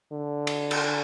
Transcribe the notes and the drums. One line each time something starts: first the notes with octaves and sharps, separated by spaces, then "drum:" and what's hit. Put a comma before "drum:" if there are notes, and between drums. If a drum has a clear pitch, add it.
D3
drum: cymbal
drum: cymbal